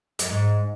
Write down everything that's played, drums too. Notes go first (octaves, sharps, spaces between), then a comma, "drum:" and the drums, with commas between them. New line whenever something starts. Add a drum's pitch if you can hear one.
F#2, drum: hi-hat
G#2